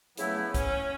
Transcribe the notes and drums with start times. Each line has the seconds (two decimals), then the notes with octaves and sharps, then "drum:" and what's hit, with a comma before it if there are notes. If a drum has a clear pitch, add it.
0.18 C#3 F#3 A3 B3 E4, drum: hi-hat
0.54 C#4, drum: kick B1, hi-hat